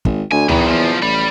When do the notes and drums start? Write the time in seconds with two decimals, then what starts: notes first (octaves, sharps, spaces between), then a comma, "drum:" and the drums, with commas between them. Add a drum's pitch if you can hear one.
0.05 G#1, drum: kick
0.32 D2 G#5
0.49 E2 D#3 E3, drum: tom C#2
0.66 B1 F3
1.03 A1 D5 B5